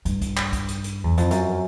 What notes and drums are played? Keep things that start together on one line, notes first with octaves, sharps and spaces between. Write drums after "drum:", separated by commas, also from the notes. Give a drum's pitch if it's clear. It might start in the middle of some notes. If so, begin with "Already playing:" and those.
G2, drum: hi-hat
drum: kick A#1, hi-hat
drum: clap
drum: kick A#1, hi-hat
drum: hi-hat
drum: hi-hat
E2
F2, drum: hi-hat
F#2, drum: hi-hat